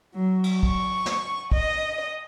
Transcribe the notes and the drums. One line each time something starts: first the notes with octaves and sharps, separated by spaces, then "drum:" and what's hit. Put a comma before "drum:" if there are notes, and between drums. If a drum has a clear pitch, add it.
F#3
drum: cymbal
C#6, drum: kick
drum: snare
D#5, drum: kick